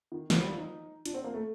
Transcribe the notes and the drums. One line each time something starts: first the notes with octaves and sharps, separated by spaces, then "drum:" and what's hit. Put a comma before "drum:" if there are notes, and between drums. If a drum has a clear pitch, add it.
D#3
F3, drum: snare
G3
F4
D#4
D4, drum: hi-hat
C4
A#3
A3